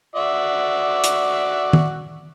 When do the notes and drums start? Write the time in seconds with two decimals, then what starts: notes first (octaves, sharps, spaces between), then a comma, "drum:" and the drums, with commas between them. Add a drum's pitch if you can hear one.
0.16 F#4 D5 E5
1.04 drum: hi-hat
1.73 drum: tom D#3